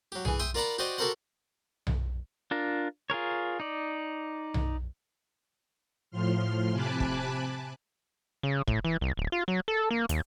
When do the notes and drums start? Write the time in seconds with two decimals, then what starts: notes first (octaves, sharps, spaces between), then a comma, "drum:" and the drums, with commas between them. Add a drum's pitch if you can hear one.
0.12 F#3 G4
0.25 E3 G#4, drum: tom B1
0.39 E5 G5 C6 D#6
0.54 F4 A#4 D5 F#5 A#5 B5
0.78 F#4 G4 C5 D5 D#5 G5
0.98 F#4 G4 A4 A#4 C5 F#5
1.87 drum: tom B1
2.51 D4 F4 A#4
3.10 F4 G#4 A#4 C#5
3.60 D#4 D5
4.54 drum: tom B1
6.11 A2 F3 C6 F6
6.72 C3 G#5 A5 B5 D6 F#6
7.00 drum: kick
8.43 C#3
8.68 A2, drum: kick
8.85 E3
9.01 C2
9.17 D1
9.32 F4
9.48 F#3
9.68 A4
9.91 A#3
10.09 D#2, drum: hi-hat